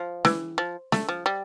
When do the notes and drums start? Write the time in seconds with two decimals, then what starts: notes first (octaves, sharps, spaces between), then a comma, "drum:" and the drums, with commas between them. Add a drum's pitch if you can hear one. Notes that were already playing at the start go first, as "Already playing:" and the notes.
Already playing: F3
0.25 E3, drum: snare
0.58 F3
0.92 A3, drum: snare
1.09 F3
1.26 G3